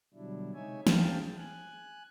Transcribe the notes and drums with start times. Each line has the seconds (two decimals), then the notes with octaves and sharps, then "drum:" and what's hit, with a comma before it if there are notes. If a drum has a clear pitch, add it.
0.14 B2 D3 F#3 G3 D4 E4
0.54 C3 G#3 D#4 C#5 E5 G#5
0.87 C4 C#4 G#4 F5 G5 A5, drum: snare
1.37 G#5 F#6